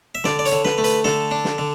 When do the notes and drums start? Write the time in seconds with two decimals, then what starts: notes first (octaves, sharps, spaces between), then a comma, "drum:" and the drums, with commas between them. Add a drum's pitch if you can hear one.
0.15 E5
0.24 D3 D5, drum: snare
0.39 D5
0.45 C#5, drum: hi-hat
0.52 D3
0.65 B4, drum: snare
0.78 A3
0.84 B4, drum: hi-hat
1.04 D3 A4, drum: snare
1.31 D4
1.45 drum: snare
1.58 D3